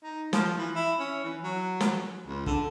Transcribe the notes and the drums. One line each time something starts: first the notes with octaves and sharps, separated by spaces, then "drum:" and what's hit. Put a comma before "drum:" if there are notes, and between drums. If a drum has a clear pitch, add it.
D#4
F3, drum: snare
E3
E4
C#4
E3
F#3
drum: snare
C#2
D3, drum: kick